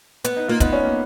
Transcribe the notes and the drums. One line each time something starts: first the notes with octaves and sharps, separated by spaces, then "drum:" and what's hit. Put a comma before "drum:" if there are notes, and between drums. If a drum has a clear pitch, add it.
B3, drum: hi-hat
D#4
A#3 F4
B3 D#4, drum: kick, hi-hat
C#4
A#3